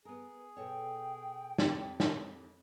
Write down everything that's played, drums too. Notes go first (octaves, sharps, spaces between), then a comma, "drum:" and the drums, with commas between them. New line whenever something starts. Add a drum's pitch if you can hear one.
B3 G#4 A#4
B2 A4 C#5 G5
F2 C#5 A6 C#7, drum: snare
drum: snare